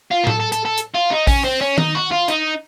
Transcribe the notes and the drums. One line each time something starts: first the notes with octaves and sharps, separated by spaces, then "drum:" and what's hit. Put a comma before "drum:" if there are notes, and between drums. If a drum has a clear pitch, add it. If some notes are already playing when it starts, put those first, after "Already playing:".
F4
A#4
A4, drum: tom A2
A4
A4, drum: hi-hat
A4
drum: hi-hat
F4
D#4
C#4, drum: kick A1, open hi-hat
C4
C#4
D#4, drum: tom D#3
F#4
F4
D#4, drum: hi-hat